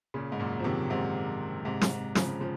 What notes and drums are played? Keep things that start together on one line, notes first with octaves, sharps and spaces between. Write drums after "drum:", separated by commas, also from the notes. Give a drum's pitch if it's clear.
A#2 C#3
G#2
F#2 A#2
F3
C3 D#3
G#2 C3
G#2 C3
drum: snare
C#3 F3, drum: snare
C#3 F3